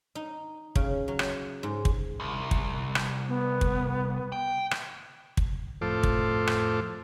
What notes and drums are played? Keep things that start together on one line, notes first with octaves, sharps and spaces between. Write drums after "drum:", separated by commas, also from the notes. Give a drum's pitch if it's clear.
D#4
C#3, drum: kick
F#3
drum: rim click
G#2
drum: kick
C2
drum: kick
drum: rim click
B3
drum: kick
G5
drum: rim click
drum: kick
F2 A2 F4 A4 C5 D6
drum: kick
drum: rim click